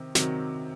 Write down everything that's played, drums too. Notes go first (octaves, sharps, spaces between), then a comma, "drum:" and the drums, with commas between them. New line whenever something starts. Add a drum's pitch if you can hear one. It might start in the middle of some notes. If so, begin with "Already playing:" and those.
Already playing: C3 D#3
C3 D#3 F#3, drum: snare